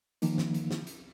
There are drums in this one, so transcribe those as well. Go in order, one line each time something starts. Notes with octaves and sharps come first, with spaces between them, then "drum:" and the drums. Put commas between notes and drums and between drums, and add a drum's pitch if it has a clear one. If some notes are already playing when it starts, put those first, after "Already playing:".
D#3 F3 A#3 D#4, drum: hi-hat
drum: snare
drum: hi-hat
drum: snare
drum: hi-hat